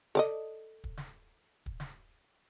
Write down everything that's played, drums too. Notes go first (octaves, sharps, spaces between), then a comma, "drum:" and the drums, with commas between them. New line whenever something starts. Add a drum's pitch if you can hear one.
A4 D5 D#5, drum: snare
drum: kick
drum: snare
drum: kick
drum: snare